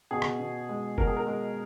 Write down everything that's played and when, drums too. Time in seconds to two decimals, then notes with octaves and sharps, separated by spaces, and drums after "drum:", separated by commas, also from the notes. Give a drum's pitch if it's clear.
0.11 B2 G#4
0.22 drum: rim click
0.40 B2
0.69 G#3
0.98 B2 A#4, drum: kick F#1
1.07 G#4
1.17 A#4
1.26 G#3